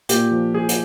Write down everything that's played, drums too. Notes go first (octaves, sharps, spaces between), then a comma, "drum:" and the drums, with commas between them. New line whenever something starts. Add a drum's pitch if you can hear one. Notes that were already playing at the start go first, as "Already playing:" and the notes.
A#2 G4, drum: hi-hat
F3
F3 G#4
drum: hi-hat